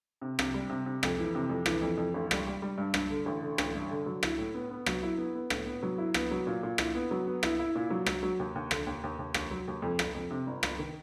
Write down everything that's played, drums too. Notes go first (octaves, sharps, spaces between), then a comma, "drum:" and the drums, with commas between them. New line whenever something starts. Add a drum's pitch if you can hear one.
C3
C3, drum: rim click
G3
C3
C3
F2, drum: rim click
E3
C3
F2
E3, drum: rim click
F2
F2
A1
G3, drum: rim click
G3
G3
G2
G2, drum: rim click
D3
A1
D3
A1, drum: rim click
G2
D3
F#3
E4, drum: rim click
A2
B3
B3
F#3, drum: rim click
E4
B3
B3
A2, drum: rim click
B3
F#3
E4
B3, drum: rim click
F#3
A#2
A#2
E4, drum: rim click
B3
F#3
B3
E4, drum: rim click
E4
A#2
F#3
F#3, drum: rim click
F#3
D#2
D#2
D3, drum: rim click
D#2
D#2
D#2
D#2, drum: rim click
F#3
D#2
F2
G1, drum: rim click
F2
C3
G1
G1, drum: rim click
D#3